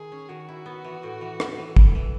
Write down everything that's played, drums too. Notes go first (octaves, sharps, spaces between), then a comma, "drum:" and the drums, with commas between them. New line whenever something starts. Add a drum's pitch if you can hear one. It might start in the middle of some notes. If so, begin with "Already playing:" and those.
Already playing: D#3 G#4
C#4
D#3 F#4
E4
B3
E3
A2
E3
A2, drum: rim click
E3
E3, drum: kick
E3